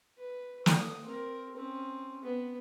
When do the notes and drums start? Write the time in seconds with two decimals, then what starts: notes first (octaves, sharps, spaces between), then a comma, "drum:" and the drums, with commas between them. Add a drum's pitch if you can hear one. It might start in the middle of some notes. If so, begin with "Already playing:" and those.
0.17 B4
0.66 D#6, drum: snare
1.05 C4 A#4
1.56 C4 C#4
2.23 B3